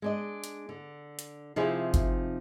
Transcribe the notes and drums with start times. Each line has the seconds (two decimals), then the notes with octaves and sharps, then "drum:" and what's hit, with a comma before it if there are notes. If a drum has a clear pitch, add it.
0.02 G#3 D4 D#5
0.44 drum: hi-hat
0.69 D3
1.19 drum: hi-hat
1.56 C3 F3 D#4 E4 G#4 E5
1.94 drum: kick G1, hi-hat